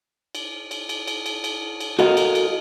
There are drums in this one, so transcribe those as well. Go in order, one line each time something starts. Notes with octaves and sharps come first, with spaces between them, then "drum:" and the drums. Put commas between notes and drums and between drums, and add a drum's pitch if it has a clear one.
drum: cymbal
drum: cymbal
drum: cymbal
drum: cymbal
drum: cymbal
drum: cymbal
drum: cymbal
F#4 A4 A#4 D#5 F5, drum: cymbal
drum: cymbal
drum: cymbal